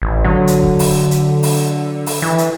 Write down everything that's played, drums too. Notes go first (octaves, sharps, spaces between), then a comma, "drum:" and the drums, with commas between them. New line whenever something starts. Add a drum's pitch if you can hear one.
A1
D3 F#3
drum: hi-hat
drum: kick C#1
drum: open hi-hat
drum: hi-hat
drum: open hi-hat
drum: open hi-hat
E3
drum: hi-hat